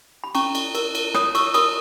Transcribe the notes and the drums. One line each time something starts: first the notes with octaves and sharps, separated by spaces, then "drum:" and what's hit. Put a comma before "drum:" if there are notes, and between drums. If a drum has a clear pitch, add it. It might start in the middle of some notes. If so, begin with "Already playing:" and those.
B5
C#4 A#5 C#6, drum: cymbal
drum: cymbal
A#4, drum: cymbal
drum: cymbal
C#5 B5 D#6, drum: rim click
C#6 E6, drum: cymbal
E6
A#4 B5 D#6, drum: cymbal